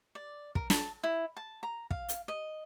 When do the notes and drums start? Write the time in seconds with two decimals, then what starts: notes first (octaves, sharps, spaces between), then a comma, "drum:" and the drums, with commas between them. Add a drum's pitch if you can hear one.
0.15 D5
0.55 A#4, drum: kick
0.70 A5, drum: snare
1.03 E4
1.37 A5
1.63 A#5
1.90 F5, drum: kick
2.09 drum: hi-hat
2.28 D#5